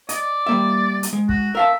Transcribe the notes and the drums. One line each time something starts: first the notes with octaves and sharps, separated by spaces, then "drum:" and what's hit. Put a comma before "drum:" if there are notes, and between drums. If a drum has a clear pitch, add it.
D5 D#5, drum: hi-hat
G3 A#3 E5
drum: hi-hat
G#3
F#4, drum: kick
A#4 E5 F5 A5